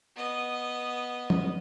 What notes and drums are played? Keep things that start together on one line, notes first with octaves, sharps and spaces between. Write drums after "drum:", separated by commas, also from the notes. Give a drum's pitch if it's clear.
B3 D#5
drum: tom